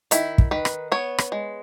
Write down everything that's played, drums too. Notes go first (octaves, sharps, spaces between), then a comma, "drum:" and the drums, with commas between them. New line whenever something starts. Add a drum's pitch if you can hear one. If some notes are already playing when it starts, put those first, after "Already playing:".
D#3 E4, drum: hi-hat
drum: kick
D#3 B4
drum: rim click
B3 C#5
drum: rim click
G#3